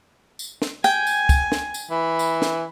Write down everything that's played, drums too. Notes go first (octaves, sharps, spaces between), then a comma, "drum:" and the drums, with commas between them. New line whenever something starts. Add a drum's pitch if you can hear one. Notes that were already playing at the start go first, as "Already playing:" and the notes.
drum: tambourine
drum: snare
G5 G#5, drum: tambourine
drum: tambourine
drum: kick, tambourine
drum: snare
drum: tambourine
E3 B5
drum: tambourine
drum: snare